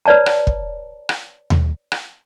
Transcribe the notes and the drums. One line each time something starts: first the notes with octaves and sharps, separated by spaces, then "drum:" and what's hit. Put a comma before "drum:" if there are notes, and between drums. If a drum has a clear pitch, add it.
B4 C#5 D5 A5 A#5
drum: rim click
drum: kick
drum: rim click
drum: tom D#2
drum: rim click